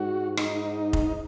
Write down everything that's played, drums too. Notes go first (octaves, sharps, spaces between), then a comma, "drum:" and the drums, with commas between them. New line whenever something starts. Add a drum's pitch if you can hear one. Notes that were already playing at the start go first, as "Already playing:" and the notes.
Already playing: G#2 F#4
D#4, drum: rim click
drum: kick F1